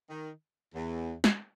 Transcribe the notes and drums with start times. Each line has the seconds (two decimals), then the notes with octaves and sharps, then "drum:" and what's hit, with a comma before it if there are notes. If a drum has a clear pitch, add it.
0.10 D#3
0.75 E2
1.24 drum: snare